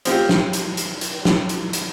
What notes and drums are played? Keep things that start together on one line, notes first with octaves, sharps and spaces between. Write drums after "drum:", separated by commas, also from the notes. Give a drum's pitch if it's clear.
F3 C4 G4, drum: hi-hat
drum: snare
drum: hi-hat
drum: hi-hat
drum: hi-hat
drum: snare
drum: hi-hat
drum: hi-hat